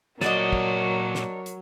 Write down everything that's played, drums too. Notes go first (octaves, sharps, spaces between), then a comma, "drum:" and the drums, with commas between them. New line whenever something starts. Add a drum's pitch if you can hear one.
A#2 F#3 D4 F#4 A#4 C#5 D#5, drum: snare
drum: kick
drum: snare
drum: hi-hat